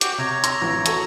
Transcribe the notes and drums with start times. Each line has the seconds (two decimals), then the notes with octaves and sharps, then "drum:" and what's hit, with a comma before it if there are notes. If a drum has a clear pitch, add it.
0.01 F#4 G4 D6, drum: hi-hat
0.18 C3 C#5 A#5
0.44 C6 E6 A#6, drum: hi-hat
0.62 A1
0.86 F#4 A4 C#6, drum: hi-hat